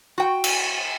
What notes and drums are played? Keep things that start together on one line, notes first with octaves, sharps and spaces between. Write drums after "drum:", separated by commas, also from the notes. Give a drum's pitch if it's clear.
F#4 G5
drum: cymbal